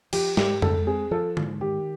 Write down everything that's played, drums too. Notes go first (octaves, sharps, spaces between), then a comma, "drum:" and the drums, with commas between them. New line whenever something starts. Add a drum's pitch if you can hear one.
F3 G4, drum: cymbal
G#2 G4, drum: snare
G#3 A4, drum: tom F2
C4 G#4
F3 A4
G#2, drum: tom D3
D#3 G4